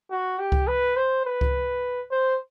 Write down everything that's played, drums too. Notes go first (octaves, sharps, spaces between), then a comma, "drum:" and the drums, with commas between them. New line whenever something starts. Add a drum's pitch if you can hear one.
F#4
G4
drum: kick C#2
B4
C5
B4
drum: kick C#2
C5